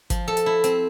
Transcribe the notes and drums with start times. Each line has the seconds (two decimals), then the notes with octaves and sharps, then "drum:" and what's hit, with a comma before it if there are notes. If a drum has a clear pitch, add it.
0.10 F3, drum: kick G#1, hi-hat
0.28 A4
0.37 drum: hi-hat
0.46 E4
0.64 C4, drum: hi-hat